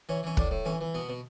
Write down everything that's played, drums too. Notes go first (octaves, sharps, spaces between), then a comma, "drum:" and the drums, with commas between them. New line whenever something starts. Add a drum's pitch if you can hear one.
E3 C#4
E3 C#4
A2 D4, drum: kick
A2
E3 C#4
E3
B2 B3
B2